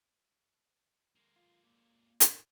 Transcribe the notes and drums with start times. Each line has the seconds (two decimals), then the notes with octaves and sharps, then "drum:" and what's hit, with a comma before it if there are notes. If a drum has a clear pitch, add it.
1.16 G#3 A#3
1.36 F4
1.64 A#2
2.20 drum: hi-hat